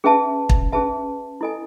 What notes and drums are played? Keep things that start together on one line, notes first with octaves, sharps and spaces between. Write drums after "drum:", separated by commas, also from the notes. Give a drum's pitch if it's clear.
C#4 G#4 B4 E5 A5
drum: kick
C#4 G#4 B4 E5 A5
E4 A4 D#5 G#5